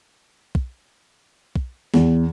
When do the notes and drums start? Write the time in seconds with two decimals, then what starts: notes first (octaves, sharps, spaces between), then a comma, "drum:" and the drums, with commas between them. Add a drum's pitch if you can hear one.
0.55 drum: kick
1.56 drum: kick
1.94 E2, drum: snare